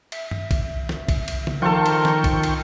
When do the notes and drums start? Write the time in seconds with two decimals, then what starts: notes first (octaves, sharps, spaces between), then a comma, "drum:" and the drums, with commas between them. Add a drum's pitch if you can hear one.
0.12 E5, drum: cymbal
0.31 drum: tom G2
0.51 drum: kick A#1, cymbal
0.89 drum: snare
1.09 drum: kick A#1, cymbal
1.28 drum: cymbal
1.47 drum: tom C#3
1.62 D#3 F3 F4 A4 A#4 G5 C#6
1.86 drum: cymbal
2.05 drum: snare
2.24 drum: kick A#1, cymbal
2.43 drum: cymbal